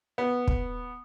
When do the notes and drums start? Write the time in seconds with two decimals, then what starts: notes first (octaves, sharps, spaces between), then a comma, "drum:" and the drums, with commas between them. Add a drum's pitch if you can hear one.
0.18 B3
0.48 drum: kick